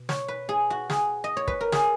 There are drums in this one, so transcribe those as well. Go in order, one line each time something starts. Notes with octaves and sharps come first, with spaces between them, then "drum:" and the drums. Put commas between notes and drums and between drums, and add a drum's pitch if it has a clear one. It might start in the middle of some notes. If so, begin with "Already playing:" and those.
Already playing: B2
C#5, drum: snare
B4
G#4
F#4
G#4, drum: snare
D#5
C#5
B4, drum: kick
A#4
G#4, drum: snare